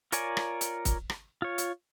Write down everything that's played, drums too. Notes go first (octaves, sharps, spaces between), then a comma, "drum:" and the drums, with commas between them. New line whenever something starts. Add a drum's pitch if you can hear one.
F4 A#4 C#5 D5 G#5, drum: hi-hat
drum: rim click
drum: hi-hat
drum: kick, hi-hat
drum: rim click
F4 C#5
drum: hi-hat